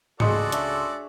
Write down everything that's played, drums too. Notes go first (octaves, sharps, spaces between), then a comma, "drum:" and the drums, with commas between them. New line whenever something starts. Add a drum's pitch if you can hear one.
C#2 F#4 G#4 A4 D5 D#5 C6 C#7, drum: tom G#2
D4 C#5 E5, drum: hi-hat